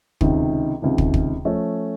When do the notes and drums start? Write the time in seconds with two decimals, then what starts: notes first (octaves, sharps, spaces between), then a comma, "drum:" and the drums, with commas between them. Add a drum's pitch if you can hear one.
0.21 C#2 C3 D#3, drum: kick
0.82 C#2 C3 D#3
0.98 drum: kick
1.14 drum: kick
1.45 F3 A3 C#4